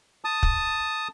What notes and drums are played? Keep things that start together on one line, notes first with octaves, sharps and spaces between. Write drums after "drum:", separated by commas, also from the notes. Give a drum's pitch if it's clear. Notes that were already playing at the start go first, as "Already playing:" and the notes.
A5 D#6
drum: kick